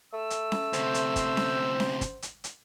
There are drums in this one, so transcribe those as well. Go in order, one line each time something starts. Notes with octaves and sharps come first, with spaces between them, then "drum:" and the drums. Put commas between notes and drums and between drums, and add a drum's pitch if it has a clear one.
A3 E6
drum: hi-hat
drum: snare C#4
D2 C3 C5, drum: hi-hat
drum: hi-hat
drum: kick, hi-hat
drum: snare C#4
drum: snare C#4
drum: kick, hi-hat
drum: hi-hat
drum: hi-hat